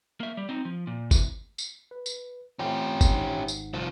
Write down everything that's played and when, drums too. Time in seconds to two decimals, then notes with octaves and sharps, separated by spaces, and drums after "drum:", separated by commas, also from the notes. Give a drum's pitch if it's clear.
0.20 A#3 E5
0.37 G3
0.49 C4 D#4
0.65 F3
0.87 A#2
1.11 C3 E3, drum: kick G1, tambourine
1.58 drum: tambourine
1.91 B4
2.06 drum: tambourine
2.59 A3 C4 C#4 F4 G4
3.01 drum: kick G1, tambourine
3.10 G#1 G#2 F#5
3.48 drum: tambourine
3.74 C2 F3